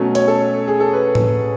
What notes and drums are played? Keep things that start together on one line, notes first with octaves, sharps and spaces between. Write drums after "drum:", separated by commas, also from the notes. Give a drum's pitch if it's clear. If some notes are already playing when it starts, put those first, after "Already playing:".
Already playing: B2 F#3 A3 C#4
C#5, drum: hi-hat
A4
G#4
A4
B4
drum: tom A2